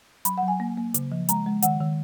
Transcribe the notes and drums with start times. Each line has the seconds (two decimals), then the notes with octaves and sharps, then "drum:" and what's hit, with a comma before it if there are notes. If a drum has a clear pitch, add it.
0.25 F#3 B5, drum: hi-hat
0.38 F#5
0.43 F#3
0.48 G#5
0.60 A#3
0.77 A#3
0.94 C#3, drum: hi-hat
1.12 F3
1.29 G#3 A#5, drum: hi-hat
1.46 G#3
1.62 D#3 F#5, drum: hi-hat
1.80 D#3